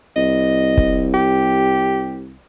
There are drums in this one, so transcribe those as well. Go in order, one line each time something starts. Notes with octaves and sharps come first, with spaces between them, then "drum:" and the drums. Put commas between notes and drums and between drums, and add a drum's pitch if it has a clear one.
C2 D#5
drum: kick
G4